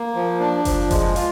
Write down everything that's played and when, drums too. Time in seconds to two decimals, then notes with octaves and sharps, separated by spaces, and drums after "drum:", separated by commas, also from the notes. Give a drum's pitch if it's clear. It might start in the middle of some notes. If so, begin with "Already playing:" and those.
Already playing: A#3
0.15 F3
0.40 D4
0.65 F3, drum: kick F#1, hi-hat
0.91 G#3, drum: kick F#1, hi-hat
1.16 F4, drum: hi-hat